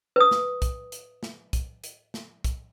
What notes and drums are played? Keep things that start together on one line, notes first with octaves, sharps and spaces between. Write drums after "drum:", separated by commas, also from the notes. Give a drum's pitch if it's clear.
B4 D#6
drum: snare
drum: kick, hi-hat
drum: hi-hat
drum: snare
drum: kick, hi-hat
drum: hi-hat
drum: snare
drum: kick, hi-hat